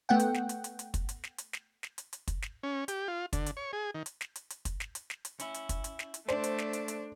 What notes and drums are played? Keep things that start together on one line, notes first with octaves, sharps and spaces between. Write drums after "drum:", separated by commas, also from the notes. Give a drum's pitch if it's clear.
A3 B3 F#5 G5
drum: hi-hat
drum: snare
drum: hi-hat
drum: hi-hat
drum: hi-hat
drum: kick, hi-hat
drum: hi-hat
drum: snare
drum: hi-hat
drum: snare
drum: snare
drum: hi-hat
drum: hi-hat
drum: kick, hi-hat
drum: snare
C#4
G4, drum: hi-hat
F4
D3, drum: kick, hi-hat
drum: hi-hat
C#5
G#4
D#3
drum: hi-hat
drum: snare
drum: hi-hat
drum: hi-hat
drum: kick, hi-hat
drum: snare
drum: hi-hat
drum: snare
drum: hi-hat
C#4 E4, drum: hi-hat
drum: hi-hat
drum: kick, hi-hat
drum: hi-hat
drum: snare
drum: hi-hat
A3 D4 C5 D5, drum: snare
drum: hi-hat
drum: snare
drum: hi-hat
drum: hi-hat